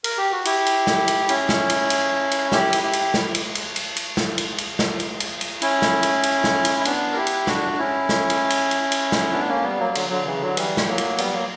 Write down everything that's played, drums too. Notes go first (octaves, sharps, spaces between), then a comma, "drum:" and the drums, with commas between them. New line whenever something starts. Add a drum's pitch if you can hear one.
A#4, drum: cymbal
G4
F#4
E4 G4, drum: cymbal
drum: cymbal
drum: snare
drum: cymbal
C#4 E4, drum: cymbal
drum: snare
drum: cymbal
drum: cymbal
drum: cymbal
E4 G4, drum: snare
drum: cymbal
E4 G4
drum: cymbal
drum: snare
drum: cymbal
drum: cymbal
drum: cymbal
drum: cymbal
drum: snare
drum: cymbal
drum: cymbal
drum: snare
drum: cymbal
drum: cymbal
drum: cymbal
C#4 E4, drum: cymbal
drum: snare
drum: cymbal
drum: cymbal
drum: snare
drum: cymbal
E4
B3 D4, drum: cymbal
A#4
E4 G4
drum: cymbal
D4 F#4, drum: snare
D4
C#4 E4
drum: snare
drum: cymbal
drum: cymbal
drum: cymbal
drum: cymbal
drum: snare
B3 D4
A#3 C#4
G3 B3
F#3 A#3
G3
D3 F#3, drum: cymbal
D3 F#3
C#3 E3
D3 F#3
E3 G3, drum: cymbal
drum: snare
F#3 A#3
drum: cymbal
G3 B3, drum: cymbal
F#3 A#3